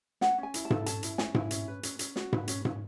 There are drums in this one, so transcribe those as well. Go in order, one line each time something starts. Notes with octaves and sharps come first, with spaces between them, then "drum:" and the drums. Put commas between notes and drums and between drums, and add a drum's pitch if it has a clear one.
C#4 F#5, drum: snare
C#4 G#5
E4, drum: hi-hat
A5
A4, drum: tom G#2
C#4 A5, drum: hi-hat
E4, drum: hi-hat
C#4 G#5, drum: snare
E4, drum: tom G#2
C#4, drum: hi-hat
B4
C#4, drum: hi-hat
C#4, drum: hi-hat
F#4, drum: snare
B4, drum: tom G#2
C#4, drum: hi-hat
C#4, drum: tom G#2